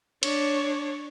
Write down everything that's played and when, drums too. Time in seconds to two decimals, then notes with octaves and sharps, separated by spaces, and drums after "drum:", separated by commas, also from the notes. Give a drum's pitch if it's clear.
0.23 D4 C#5, drum: cymbal